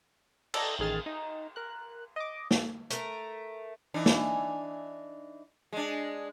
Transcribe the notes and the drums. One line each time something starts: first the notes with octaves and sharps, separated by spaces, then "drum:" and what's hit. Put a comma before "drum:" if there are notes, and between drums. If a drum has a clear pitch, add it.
A4 D5 D#5 A#5, drum: cymbal
A1 D#3 G#4 F6 A6
D#4
A#4 F#6
D#5 D6
drum: snare
A3 A#4, drum: hi-hat
E3 D4 D#4
drum: snare
G#3 D4